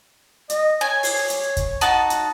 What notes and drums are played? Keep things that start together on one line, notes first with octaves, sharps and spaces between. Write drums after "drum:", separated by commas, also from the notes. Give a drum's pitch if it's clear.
D#5, drum: hi-hat
C#5 G#5
drum: open hi-hat
drum: hi-hat
drum: kick, hi-hat
D#4 F#4 A5, drum: hi-hat
drum: hi-hat